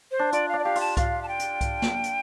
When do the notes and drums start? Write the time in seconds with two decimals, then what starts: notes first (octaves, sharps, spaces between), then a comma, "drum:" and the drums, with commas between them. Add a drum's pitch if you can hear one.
0.11 C5
0.19 D4
0.32 F4 D5, drum: hi-hat
0.49 D4 F5
0.59 D5
0.64 G4 F5
0.75 F4, drum: open hi-hat
0.80 A5
0.97 F4 F5, drum: kick C2, hi-hat
1.23 A5
1.28 G5
1.39 drum: hi-hat
1.61 drum: kick C2, hi-hat
1.82 drum: snare
2.04 drum: hi-hat